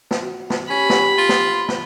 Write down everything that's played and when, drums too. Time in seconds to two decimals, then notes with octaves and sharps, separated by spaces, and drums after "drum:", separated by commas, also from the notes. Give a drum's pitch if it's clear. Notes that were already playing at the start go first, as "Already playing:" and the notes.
0.11 drum: snare
0.23 F#4
0.50 drum: snare
0.70 C#4 G4 B5
0.90 drum: snare
1.18 F4
1.29 drum: snare
1.68 drum: snare